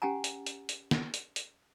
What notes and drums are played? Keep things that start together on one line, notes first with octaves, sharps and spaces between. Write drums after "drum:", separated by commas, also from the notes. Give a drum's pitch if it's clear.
C#4 G4 F#5 G#5 A#5
drum: hi-hat
drum: hi-hat
drum: hi-hat
drum: snare
drum: hi-hat
drum: hi-hat